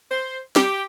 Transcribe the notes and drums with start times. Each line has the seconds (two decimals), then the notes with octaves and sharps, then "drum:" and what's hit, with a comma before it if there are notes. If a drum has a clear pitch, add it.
0.11 C5
0.56 G4, drum: snare